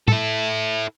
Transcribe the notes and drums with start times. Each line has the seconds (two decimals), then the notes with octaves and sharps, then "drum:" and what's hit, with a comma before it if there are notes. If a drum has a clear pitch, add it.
0.08 E4 A4, drum: tom